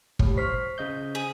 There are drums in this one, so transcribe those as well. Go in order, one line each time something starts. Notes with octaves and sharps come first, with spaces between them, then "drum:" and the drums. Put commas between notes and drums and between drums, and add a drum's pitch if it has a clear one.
A2 G3, drum: kick
C5 C#6 F6 B6
C#3 D#5 G6
G#4